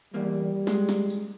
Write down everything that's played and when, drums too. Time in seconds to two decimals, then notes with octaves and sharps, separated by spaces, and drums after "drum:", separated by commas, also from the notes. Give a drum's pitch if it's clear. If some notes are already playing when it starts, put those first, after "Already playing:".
0.14 E2 G3 A#3
0.67 G#3, drum: snare
0.89 drum: snare
1.10 drum: tambourine